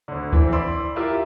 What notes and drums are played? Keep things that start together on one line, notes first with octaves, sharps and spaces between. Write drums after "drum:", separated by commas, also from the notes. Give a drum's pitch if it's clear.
D2 D3
E3 C4, drum: kick D2
D5 B5 C6 E6
E4 F4 G4 A#4 E5